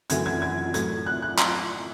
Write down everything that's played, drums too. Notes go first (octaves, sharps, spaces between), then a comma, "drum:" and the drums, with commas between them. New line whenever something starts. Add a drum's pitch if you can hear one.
F#2 E3 A3 G#6, drum: hi-hat
G#6
G#6
A2 F#3 A3 G#6, drum: hi-hat
F#6
F#6
drum: clap